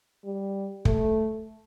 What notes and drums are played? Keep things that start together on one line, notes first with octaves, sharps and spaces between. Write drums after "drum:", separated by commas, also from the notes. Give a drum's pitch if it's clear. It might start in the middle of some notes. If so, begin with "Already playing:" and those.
G3
A3, drum: kick